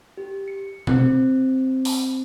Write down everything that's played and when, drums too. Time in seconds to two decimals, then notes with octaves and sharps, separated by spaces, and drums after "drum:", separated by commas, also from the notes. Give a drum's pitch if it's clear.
0.17 G4
0.48 C#7
0.87 C4, drum: tom B2
1.85 drum: open hi-hat